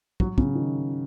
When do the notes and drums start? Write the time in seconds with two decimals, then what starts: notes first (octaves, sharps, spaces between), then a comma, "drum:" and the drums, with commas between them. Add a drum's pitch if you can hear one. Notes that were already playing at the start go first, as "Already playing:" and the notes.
0.20 F#3, drum: kick
0.38 C#3, drum: kick
0.55 D#3